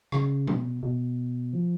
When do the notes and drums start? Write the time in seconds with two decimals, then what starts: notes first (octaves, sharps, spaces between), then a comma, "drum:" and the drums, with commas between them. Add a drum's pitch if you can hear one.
0.12 C#3, drum: rim click
0.47 B2, drum: tom
0.83 B2
1.53 F3